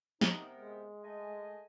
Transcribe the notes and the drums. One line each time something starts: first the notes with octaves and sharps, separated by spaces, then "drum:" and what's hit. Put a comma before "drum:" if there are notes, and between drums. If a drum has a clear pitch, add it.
C3 B3 D#4 A#4, drum: snare
G#3
A3 D#5 G#5